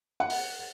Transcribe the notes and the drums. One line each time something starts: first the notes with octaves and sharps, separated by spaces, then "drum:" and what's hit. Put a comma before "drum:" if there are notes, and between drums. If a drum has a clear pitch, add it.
F#5
drum: open hi-hat